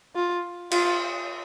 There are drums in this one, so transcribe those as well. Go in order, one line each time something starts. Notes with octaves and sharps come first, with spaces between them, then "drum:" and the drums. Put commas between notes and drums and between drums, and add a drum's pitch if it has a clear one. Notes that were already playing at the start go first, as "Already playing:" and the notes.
F4
F4, drum: cymbal